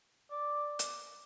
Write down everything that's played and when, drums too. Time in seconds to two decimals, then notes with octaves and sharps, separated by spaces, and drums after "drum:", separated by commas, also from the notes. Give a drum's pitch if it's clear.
0.32 D5
0.79 drum: hi-hat